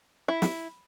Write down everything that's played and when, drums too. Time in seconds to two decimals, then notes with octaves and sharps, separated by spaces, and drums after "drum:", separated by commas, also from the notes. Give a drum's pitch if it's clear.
0.28 E4
0.42 drum: snare